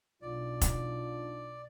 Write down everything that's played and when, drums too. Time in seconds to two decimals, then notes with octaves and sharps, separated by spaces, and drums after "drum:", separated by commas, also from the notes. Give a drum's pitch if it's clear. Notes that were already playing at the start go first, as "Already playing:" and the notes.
0.22 B1 D4 D#4 F4 D5
0.61 drum: kick F1, hi-hat